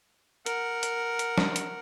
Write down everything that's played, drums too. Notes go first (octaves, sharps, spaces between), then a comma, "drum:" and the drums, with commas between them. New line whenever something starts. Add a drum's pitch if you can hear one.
A#4 F#5, drum: hi-hat
drum: hi-hat
drum: hi-hat
drum: snare
drum: hi-hat